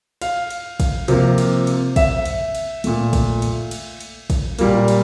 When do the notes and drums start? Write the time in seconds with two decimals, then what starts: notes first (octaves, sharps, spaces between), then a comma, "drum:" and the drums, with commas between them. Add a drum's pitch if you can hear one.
0.22 F5, drum: cymbal
0.50 drum: cymbal
0.80 drum: kick A#1, cymbal
1.08 C3 F3 A#3, drum: cymbal
1.38 drum: cymbal
1.67 drum: cymbal
1.96 E5, drum: kick A#1, cymbal
2.25 drum: cymbal
2.55 drum: cymbal
2.84 A#2 A3, drum: cymbal
3.13 drum: kick A#1, cymbal
3.42 drum: cymbal
3.71 drum: cymbal
4.00 drum: cymbal
4.30 drum: kick A#1, cymbal
4.59 A#2 G3 A#3, drum: cymbal
4.88 drum: cymbal